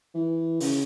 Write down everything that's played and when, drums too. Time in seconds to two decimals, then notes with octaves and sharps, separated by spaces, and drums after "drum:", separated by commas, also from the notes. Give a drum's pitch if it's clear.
0.14 E3
0.60 C#3, drum: open hi-hat